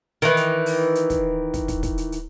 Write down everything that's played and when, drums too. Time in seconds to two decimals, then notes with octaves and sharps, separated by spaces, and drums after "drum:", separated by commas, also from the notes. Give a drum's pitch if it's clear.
0.22 D#3 E3, drum: hi-hat
0.37 drum: hi-hat
0.66 drum: open hi-hat
0.95 drum: hi-hat
1.10 drum: kick, hi-hat
1.54 drum: kick, hi-hat
1.68 drum: kick, hi-hat
1.83 drum: kick, hi-hat
1.98 drum: hi-hat
2.12 drum: hi-hat